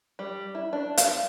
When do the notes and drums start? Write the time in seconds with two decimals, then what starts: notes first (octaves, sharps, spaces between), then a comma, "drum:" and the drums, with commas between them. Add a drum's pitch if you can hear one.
0.19 G3
0.55 E4
0.73 D4
0.97 F5, drum: hi-hat